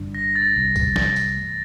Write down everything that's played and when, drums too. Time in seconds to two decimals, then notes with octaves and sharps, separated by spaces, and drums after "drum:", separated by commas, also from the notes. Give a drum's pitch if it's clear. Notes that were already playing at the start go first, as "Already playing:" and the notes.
Already playing: G1 G2 D3 G3 D4
0.15 A#6
0.35 A6
0.56 C2 C3 G3
0.76 drum: kick B1, tambourine
0.96 drum: snare
1.16 drum: tambourine
1.36 G2 E3 A3